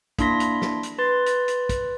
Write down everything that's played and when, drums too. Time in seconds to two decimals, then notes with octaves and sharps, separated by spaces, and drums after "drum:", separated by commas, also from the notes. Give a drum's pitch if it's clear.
0.19 A#3 D4 E4 C6 A#6 B6, drum: kick, hi-hat
0.40 drum: hi-hat
0.62 drum: snare
0.83 drum: hi-hat
0.98 B4 C6 A6
1.26 drum: hi-hat
1.48 drum: hi-hat
1.69 drum: kick, hi-hat